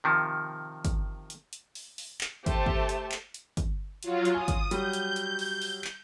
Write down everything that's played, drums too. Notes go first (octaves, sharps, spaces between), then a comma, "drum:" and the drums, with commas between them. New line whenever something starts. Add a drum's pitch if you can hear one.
C3 D#3 F3
drum: kick, hi-hat
drum: hi-hat
drum: hi-hat
drum: open hi-hat
drum: open hi-hat
drum: clap
A3 G4 C5 E5 A5, drum: kick, hi-hat
drum: kick
drum: hi-hat
drum: clap
drum: hi-hat
drum: kick, hi-hat
F#3 F4, drum: hi-hat
drum: hi-hat
G#5 D#6
drum: kick, hi-hat
F#3 G3 G6, drum: hi-hat
drum: hi-hat
drum: hi-hat
drum: open hi-hat
drum: open hi-hat
drum: clap